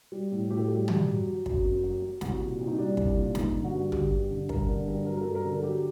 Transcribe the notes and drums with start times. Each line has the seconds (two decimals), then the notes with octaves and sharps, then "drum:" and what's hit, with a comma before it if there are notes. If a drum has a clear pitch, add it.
0.12 G3
0.31 A2
0.50 A2 G4
0.59 A4
0.68 G3 G4
0.88 G3, drum: tom
1.07 F#3
1.27 F#3
1.46 F#2, drum: kick
1.64 F#2
1.83 F#3
2.02 F#3
2.21 C2 F#4, drum: snare
2.40 A#2
2.60 C2
2.67 D#4
2.78 G3 D4
2.97 C2, drum: kick
3.16 A#2
3.35 G2 D#4, drum: snare
3.54 D3
3.64 F#4
3.73 G2
3.92 G3 G4, drum: tom
4.11 G2
4.30 D3
4.49 G2 A#4, drum: kick
4.68 D3
4.87 G2
5.06 F#3 A#4
5.16 A#4
5.21 G2 A4
5.35 A#4
5.44 D3
5.50 A4
5.63 F#3 G4